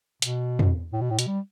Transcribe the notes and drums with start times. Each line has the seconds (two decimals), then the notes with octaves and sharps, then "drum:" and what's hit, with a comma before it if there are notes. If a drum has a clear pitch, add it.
0.22 B2, drum: hi-hat
0.59 drum: tom
0.93 A2
1.01 B2
1.10 A2
1.19 B2, drum: hi-hat
1.27 G3